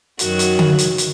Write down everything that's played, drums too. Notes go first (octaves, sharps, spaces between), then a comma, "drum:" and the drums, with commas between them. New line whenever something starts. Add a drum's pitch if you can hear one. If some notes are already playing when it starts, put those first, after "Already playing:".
F#2 D#3 F#3 F#4, drum: hi-hat
drum: hi-hat
drum: tom D3
drum: hi-hat
drum: hi-hat